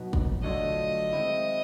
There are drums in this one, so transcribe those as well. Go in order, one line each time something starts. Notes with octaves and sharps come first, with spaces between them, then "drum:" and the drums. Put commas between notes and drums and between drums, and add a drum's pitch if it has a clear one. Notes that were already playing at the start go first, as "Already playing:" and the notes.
Already playing: B2 F#3 B3 D#4
drum: kick
D3 F#3 A3 D4 F4 D#5
D#3 G#3 C4 E4